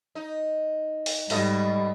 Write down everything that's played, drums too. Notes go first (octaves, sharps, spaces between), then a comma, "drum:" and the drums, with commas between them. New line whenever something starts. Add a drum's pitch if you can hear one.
D#4
drum: open hi-hat
G#2 B2 G3 A3 D#5, drum: open hi-hat